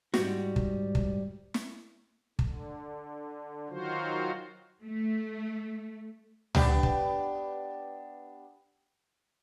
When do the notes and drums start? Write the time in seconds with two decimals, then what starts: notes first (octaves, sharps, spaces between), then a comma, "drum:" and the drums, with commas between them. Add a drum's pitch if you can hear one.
0.14 G#2 G3 F#4, drum: snare
0.56 drum: kick
0.95 drum: kick
1.54 drum: snare
2.39 D3, drum: kick
3.69 D#3 F#3 F4 F#4 C5
4.81 A3
6.55 B3 D4 G4, drum: tom C#2
6.83 drum: kick